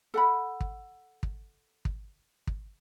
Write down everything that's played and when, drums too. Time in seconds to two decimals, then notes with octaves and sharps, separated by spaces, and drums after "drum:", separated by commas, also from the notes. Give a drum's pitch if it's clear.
0.14 A4 F#5 B5
0.61 drum: kick
1.23 drum: kick
1.85 drum: kick
2.47 drum: kick